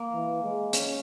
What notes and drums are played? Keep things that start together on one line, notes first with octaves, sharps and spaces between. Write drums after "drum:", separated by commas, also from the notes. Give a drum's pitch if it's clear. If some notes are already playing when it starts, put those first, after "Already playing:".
Already playing: A#3
E3
G#3
C#4, drum: hi-hat